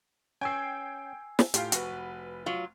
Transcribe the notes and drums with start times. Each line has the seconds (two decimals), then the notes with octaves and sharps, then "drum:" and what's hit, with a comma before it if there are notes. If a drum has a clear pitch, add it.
0.41 C#4 G5 G#5 E6 G#6 C7
1.39 drum: snare
1.54 A2 F4 G4 F5, drum: hi-hat
1.72 F1 F#4 B4, drum: hi-hat
2.46 F#3 F4